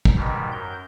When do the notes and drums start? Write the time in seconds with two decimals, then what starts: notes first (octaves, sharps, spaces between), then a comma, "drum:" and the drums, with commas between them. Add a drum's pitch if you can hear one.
0.05 drum: kick
0.15 G#2 B2 D#3 G3
0.52 F#2 A#4 G6